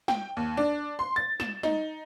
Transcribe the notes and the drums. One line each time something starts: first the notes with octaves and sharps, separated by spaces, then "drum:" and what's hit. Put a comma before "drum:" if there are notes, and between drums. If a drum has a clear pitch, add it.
G5, drum: snare
D#2
D4
C6
A6
E7, drum: snare
D#4, drum: snare